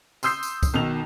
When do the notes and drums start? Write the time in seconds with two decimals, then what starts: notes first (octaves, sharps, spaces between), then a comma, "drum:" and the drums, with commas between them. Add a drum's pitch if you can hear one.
0.23 C6 D#6 E6 G6 C7, drum: tambourine
0.43 drum: tambourine
0.63 drum: kick, tambourine
0.74 B1 B2 D#3 F7